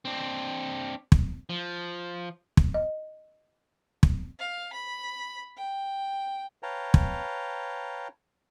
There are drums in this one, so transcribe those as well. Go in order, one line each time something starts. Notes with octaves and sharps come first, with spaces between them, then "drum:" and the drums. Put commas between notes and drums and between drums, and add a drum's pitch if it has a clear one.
C4 D4
drum: kick
F3
drum: kick
D#5
drum: kick
F5
B5
G5
B4 C#5 F5 G5 A5 A#5
drum: kick